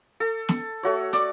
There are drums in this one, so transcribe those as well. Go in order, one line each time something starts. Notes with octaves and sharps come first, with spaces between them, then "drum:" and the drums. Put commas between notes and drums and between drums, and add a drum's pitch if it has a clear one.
A4
drum: snare
A3 F#4 C#5
D5 D6, drum: hi-hat